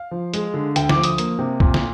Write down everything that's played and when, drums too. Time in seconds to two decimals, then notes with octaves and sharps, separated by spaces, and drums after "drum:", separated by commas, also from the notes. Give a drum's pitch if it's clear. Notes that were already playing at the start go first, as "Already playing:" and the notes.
Already playing: F5
0.11 F3
0.34 G#3, drum: hi-hat
0.54 D3
0.76 D2 G5, drum: hi-hat
0.89 D6, drum: snare
0.96 F3
1.04 D#6, drum: hi-hat
1.18 A#3, drum: hi-hat
1.39 C3
1.60 A#2, drum: kick
1.74 drum: snare